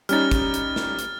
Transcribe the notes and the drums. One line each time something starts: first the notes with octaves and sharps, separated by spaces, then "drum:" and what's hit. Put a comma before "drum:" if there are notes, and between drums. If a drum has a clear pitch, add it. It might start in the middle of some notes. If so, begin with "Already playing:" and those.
G3 C#4 D#4 F6 A6, drum: hi-hat
drum: kick, hi-hat
drum: hi-hat
drum: snare
drum: hi-hat